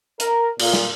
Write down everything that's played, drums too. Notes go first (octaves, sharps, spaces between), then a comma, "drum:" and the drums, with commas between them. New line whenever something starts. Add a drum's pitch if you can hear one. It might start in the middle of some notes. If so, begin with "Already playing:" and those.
A#4, drum: hi-hat
A#2, drum: cymbal
drum: snare